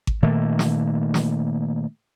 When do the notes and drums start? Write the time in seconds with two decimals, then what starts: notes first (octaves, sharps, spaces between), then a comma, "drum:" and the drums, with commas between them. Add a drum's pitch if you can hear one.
0.07 drum: kick G#1
0.22 A#2 D#3 A3 A#3
0.59 drum: snare
1.14 drum: snare